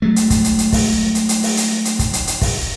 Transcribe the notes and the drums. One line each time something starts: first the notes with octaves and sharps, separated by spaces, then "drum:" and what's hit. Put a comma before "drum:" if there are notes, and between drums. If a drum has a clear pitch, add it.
F#3 G#3 A3
drum: hi-hat
drum: kick, hi-hat
drum: hi-hat
drum: hi-hat
drum: kick, open hi-hat
drum: hi-hat
drum: hi-hat
drum: open hi-hat
drum: hi-hat
drum: hi-hat
drum: kick, hi-hat
drum: hi-hat
drum: hi-hat
drum: kick, open hi-hat